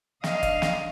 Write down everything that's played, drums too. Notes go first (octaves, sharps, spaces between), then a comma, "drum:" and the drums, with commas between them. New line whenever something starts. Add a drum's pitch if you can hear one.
D4 D#5 F5, drum: snare
drum: kick, hi-hat
drum: snare